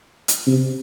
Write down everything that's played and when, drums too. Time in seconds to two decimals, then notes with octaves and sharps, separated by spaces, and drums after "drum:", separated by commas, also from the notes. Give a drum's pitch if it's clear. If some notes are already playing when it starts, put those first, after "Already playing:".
0.28 drum: hi-hat
0.47 C3